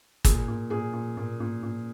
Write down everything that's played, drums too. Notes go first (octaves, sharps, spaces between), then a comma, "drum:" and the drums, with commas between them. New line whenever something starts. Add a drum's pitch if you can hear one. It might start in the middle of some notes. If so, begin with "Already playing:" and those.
A#2 G#4, drum: kick, hi-hat
A#2
A#2 G#4
A#2
A#2
A#2
A#2